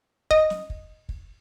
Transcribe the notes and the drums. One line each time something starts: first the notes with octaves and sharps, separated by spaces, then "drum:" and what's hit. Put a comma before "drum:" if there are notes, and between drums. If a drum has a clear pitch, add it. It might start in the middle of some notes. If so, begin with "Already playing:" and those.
D#5, drum: kick
drum: snare
drum: kick
drum: kick